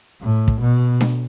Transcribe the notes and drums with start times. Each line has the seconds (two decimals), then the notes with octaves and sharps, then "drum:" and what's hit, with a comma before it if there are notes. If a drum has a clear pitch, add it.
0.22 A2
0.48 drum: kick
0.61 B2
1.01 drum: snare D4